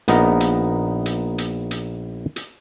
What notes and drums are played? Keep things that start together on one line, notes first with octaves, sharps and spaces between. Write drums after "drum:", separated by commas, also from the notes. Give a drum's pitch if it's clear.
A#1 B3 D#4 A#4 A#5, drum: hi-hat
drum: hi-hat
drum: hi-hat
drum: hi-hat
drum: hi-hat
drum: hi-hat